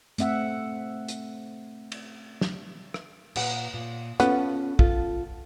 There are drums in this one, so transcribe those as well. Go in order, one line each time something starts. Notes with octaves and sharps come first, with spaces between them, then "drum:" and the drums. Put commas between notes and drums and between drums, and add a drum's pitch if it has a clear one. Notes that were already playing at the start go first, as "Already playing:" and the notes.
A3 C4 E5 F#5, drum: hi-hat
drum: hi-hat
drum: cymbal
drum: snare
drum: rim click
A#2 B4 F#5, drum: cymbal
A#2
B3 C#4 F4 A4, drum: hi-hat
F4 A4, drum: kick